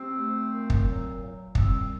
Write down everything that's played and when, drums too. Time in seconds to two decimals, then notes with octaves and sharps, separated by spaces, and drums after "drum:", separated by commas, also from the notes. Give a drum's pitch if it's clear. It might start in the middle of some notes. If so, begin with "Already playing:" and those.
Already playing: C3 C4
0.18 A3
0.53 A#2
0.70 drum: kick
0.87 F#3
1.21 A#2
1.55 G3 C4, drum: kick